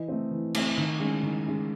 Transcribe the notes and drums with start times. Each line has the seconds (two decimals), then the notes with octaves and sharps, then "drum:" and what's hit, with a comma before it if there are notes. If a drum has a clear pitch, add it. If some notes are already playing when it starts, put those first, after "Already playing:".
Already playing: E3 D#5
0.08 A3 C4
0.31 E3
0.55 A3 C4, drum: cymbal
0.78 D#3
1.00 G#3 C#4
1.23 D#3
1.46 G#3 C#4